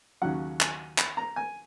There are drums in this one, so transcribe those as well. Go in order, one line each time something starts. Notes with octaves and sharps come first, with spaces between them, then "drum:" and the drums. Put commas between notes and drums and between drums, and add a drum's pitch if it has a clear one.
D#2 C#3 F#3 F#5
G#5, drum: clap
B5, drum: clap
A#5
G#5